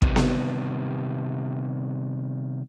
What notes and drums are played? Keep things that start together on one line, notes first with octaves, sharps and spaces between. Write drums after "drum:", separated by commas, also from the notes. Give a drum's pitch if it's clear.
C3 D#3 G3 B3, drum: kick
drum: snare B3